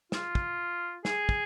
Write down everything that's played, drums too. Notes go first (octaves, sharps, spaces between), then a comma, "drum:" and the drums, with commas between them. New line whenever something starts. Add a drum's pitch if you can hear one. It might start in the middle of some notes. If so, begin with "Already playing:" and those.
F4, drum: snare
drum: kick
G#4, drum: snare
drum: kick